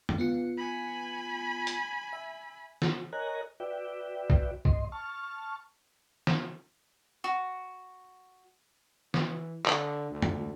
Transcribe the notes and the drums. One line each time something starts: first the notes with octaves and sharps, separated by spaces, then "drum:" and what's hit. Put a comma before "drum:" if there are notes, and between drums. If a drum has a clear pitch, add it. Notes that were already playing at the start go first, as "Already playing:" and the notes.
drum: tom
B3 F4 C#7
G#5 B5
drum: hi-hat
E5
drum: snare
A#4 C#5 D#5 G#5 A#5 F#6
F#4 B4 D5 E5 G5
drum: kick B1
G2 D#5 C6, drum: kick B1
A5 C#6 F6
drum: snare
F#4
E3, drum: snare
D3, drum: clap
D2
drum: tom